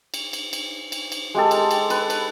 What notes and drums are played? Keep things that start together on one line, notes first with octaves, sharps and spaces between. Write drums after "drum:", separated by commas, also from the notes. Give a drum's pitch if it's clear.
drum: cymbal
drum: cymbal
drum: cymbal
drum: cymbal
drum: cymbal
G#3 G4 A4
drum: cymbal
drum: cymbal
B4, drum: cymbal
drum: cymbal